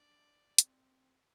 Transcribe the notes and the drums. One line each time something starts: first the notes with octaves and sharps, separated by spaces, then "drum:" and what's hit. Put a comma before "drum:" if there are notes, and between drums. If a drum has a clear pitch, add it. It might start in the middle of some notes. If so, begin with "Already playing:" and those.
Already playing: D4 D5
C4, drum: hi-hat